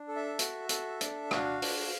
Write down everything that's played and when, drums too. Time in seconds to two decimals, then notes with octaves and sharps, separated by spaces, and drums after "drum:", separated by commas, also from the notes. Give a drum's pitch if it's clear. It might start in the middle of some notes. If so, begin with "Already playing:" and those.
Already playing: D4
0.08 A4
0.16 E5
0.39 F#4, drum: hi-hat
0.69 A4, drum: hi-hat
1.01 D4, drum: hi-hat
1.31 F#4 F5, drum: rim click
1.62 D4, drum: open hi-hat